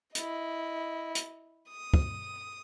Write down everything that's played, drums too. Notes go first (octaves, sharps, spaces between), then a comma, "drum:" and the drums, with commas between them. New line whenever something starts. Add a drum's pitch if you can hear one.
E4 D#5, drum: hi-hat
drum: hi-hat
D#6
drum: kick